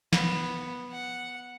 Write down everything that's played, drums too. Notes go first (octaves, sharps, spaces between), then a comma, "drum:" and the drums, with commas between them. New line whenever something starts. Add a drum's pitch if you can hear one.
B3, drum: snare
F#5